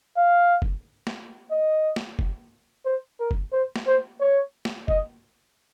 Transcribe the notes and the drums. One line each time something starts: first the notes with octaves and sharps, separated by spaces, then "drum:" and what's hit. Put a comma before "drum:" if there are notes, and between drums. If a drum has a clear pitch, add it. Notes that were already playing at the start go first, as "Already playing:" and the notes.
F5
drum: kick F#1
drum: snare
D#5
drum: snare
drum: kick F#1
C5
A#4
drum: kick F#1
C5
drum: snare
C5
C#5
drum: snare
D#5, drum: kick F#1